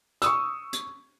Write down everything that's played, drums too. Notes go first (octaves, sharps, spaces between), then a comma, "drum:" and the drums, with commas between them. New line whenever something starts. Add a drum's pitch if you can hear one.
C#6 D#6 E6, drum: hi-hat
drum: hi-hat